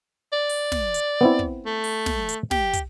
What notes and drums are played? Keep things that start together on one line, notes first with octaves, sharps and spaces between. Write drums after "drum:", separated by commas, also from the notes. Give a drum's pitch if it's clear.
D5
drum: open hi-hat
drum: snare
drum: hi-hat
B3 C4 E4
drum: kick
A3
drum: open hi-hat
drum: snare
drum: hi-hat
G4, drum: snare
drum: kick, hi-hat